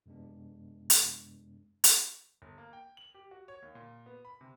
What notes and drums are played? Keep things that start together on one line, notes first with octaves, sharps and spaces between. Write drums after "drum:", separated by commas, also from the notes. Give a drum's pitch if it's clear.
F#2 C3 G#3 B3 D4
drum: hi-hat
drum: hi-hat
G1
A#3
G5
F#7
G4
F#4
C#5
D#2
A#2
B3
B5
C3